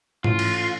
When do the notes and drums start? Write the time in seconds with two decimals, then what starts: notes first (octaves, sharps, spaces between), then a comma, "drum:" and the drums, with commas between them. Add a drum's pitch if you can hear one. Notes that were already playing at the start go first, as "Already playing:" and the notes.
0.24 A2 E3 A3 C#4 F4, drum: tom G#2
0.39 drum: cymbal